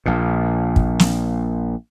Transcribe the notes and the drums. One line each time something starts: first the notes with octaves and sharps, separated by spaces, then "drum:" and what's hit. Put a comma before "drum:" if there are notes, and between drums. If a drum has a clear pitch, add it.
A#1 A#2
drum: kick
drum: snare